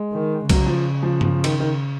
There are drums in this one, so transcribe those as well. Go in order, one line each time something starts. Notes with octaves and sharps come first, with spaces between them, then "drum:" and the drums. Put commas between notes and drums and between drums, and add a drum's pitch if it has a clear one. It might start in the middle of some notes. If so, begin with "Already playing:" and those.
Already playing: G#3
D#3
C#3 F#3, drum: kick C2, cymbal
F3
F3
F3, drum: tom G2
D#3, drum: cymbal
D#3